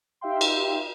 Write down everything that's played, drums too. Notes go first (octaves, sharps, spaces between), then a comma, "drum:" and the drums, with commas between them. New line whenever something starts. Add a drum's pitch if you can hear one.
D#4 G4 E5 F5 G5 C6
drum: cymbal